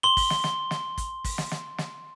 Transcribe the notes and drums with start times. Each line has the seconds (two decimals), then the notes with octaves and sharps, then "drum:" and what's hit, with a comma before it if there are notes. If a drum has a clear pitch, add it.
0.03 C6 G7
0.17 drum: kick, open hi-hat
0.30 drum: snare
0.44 drum: snare
0.71 drum: snare
0.98 drum: kick, hi-hat
1.25 drum: kick, open hi-hat
1.38 drum: snare
1.51 drum: snare
1.78 drum: snare